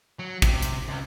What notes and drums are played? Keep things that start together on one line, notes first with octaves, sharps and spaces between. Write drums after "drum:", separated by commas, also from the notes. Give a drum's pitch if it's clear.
F#3
C3, drum: kick, hi-hat
drum: hi-hat
C#2